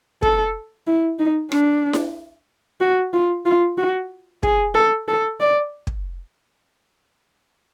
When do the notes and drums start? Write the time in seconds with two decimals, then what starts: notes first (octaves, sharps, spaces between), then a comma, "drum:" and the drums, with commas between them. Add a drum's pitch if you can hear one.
0.22 A4, drum: kick
0.87 E4
1.19 D#4
1.52 D4, drum: rim click
1.93 drum: snare E4
2.81 F#4
3.13 F4
3.45 F4
3.78 F#4
4.43 G#4, drum: kick
4.75 A4
5.08 A4
5.40 D5
5.87 drum: kick